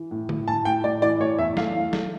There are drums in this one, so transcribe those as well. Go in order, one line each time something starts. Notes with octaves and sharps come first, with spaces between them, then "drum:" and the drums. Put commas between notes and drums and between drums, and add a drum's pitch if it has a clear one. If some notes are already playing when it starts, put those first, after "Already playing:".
Already playing: E3
A2
A2, drum: tom D3
A2 A5
A2 G5
A2 D5
E3 D5
A2 C#5
E2 E5
A3 F5, drum: snare
E3
A3, drum: snare